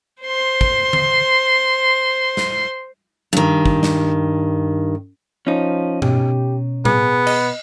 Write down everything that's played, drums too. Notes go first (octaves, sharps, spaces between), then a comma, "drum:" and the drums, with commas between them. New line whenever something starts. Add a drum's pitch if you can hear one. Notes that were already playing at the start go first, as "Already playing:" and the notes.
C5 C6
drum: kick
drum: tom D3
drum: snare
G2 D#3
drum: kick
drum: snare
F3 C#4 D#4
B2 G4, drum: tom G2
B3 G#4, drum: tom A2
D#5, drum: cymbal